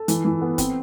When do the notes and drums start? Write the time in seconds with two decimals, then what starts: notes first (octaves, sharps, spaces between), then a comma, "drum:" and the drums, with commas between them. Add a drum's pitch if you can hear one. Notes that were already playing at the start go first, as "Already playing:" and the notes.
Already playing: A4
0.08 E3, drum: hi-hat
0.25 E3
0.42 B3
0.58 C4, drum: kick, hi-hat